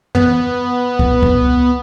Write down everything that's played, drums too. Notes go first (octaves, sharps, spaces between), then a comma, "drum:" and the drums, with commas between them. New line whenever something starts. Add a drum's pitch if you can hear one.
B3, drum: tom
drum: kick C#2
drum: kick C#2